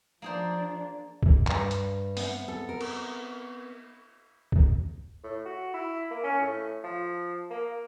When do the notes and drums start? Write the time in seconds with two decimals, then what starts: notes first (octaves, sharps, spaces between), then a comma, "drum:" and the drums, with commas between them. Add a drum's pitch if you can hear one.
0.22 F3 A#3 D4 G#4 C5
1.23 drum: kick
1.47 G2, drum: clap
1.71 drum: hi-hat
2.17 B3 C4 E5, drum: open hi-hat
2.48 A4
2.69 A#4
2.81 drum: cymbal
4.52 drum: kick
5.24 A2
5.45 F#4
5.74 E4
6.11 A#3
6.24 C#4
6.41 A2
6.84 F3
7.50 A#3